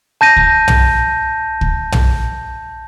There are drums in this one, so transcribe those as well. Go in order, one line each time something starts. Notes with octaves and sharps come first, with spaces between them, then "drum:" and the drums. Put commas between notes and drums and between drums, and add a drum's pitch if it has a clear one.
A5 G6 A#6 D#7
drum: kick
drum: tom
drum: kick
drum: tom